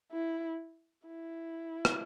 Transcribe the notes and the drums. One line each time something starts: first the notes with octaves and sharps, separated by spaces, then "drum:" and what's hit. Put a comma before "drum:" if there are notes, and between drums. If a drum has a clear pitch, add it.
E4
E4
drum: rim click